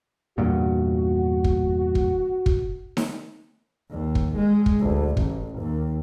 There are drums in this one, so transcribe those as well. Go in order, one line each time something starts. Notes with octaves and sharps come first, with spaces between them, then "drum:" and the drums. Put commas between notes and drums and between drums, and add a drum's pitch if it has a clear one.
E2 G2 A#2 F#4
drum: kick
drum: kick
drum: kick
drum: snare D#4
D#2
drum: kick
G#3
drum: kick
D2
A1, drum: kick
D#2